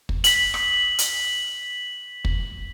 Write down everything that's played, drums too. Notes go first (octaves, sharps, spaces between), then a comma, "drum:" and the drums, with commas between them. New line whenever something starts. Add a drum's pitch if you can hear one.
drum: kick
B6 F#7, drum: hi-hat
drum: rim click
drum: hi-hat
drum: kick